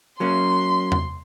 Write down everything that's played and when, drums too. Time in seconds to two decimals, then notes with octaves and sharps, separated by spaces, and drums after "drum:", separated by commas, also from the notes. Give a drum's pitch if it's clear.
0.20 F#3 A#3 C#4 C6
0.92 drum: tom E2